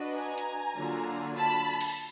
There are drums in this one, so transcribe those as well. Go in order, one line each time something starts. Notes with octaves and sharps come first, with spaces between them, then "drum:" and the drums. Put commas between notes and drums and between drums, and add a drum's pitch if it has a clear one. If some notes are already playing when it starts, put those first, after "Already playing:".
Already playing: D4 F#4 B4 D#5
G#5 A#5
drum: hi-hat
D3 F#3 A#3 D4 F4
A5 B5
drum: cymbal